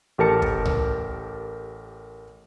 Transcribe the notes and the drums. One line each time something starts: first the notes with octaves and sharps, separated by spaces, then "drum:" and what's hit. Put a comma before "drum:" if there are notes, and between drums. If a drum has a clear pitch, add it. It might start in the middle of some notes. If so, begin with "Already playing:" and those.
A1 G4 A4 A#4 A5 C#7
drum: kick
drum: tom C2